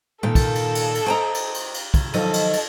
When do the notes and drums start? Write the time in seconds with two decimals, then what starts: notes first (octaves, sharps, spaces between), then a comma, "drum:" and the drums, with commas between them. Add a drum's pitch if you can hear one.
0.23 A#2 D#3 A#3 A4 G5
0.35 drum: kick, cymbal
0.55 drum: cymbal
0.75 drum: cymbal
0.95 drum: cymbal
1.06 C5 D#5 G5 A5 A#5
1.34 drum: cymbal
1.54 drum: cymbal
1.74 drum: cymbal
1.94 drum: kick, cymbal
2.14 D#3 F3 F#3 A4 D#5, drum: cymbal
2.33 drum: cymbal
2.53 drum: cymbal